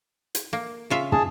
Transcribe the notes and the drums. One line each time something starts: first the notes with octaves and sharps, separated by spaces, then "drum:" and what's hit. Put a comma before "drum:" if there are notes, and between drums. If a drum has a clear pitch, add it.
drum: hi-hat
A#3
C#3 F4 E5
G#4 A5, drum: tom